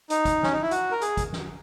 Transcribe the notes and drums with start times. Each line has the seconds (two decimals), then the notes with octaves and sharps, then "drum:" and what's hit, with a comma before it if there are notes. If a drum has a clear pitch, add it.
0.10 D#4, drum: hi-hat
0.25 drum: kick G#1, hi-hat
0.43 C#4, drum: snare
0.52 D#4
0.62 E4
0.71 F#4, drum: hi-hat
0.91 A#4
1.01 G#4, drum: hi-hat
1.17 drum: kick G#1, hi-hat
1.33 drum: snare